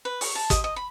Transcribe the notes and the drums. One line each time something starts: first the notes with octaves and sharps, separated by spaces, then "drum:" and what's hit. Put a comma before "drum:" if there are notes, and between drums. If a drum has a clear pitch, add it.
B4
C#6, drum: open hi-hat
A5
D#5, drum: kick, hi-hat
D#5
B5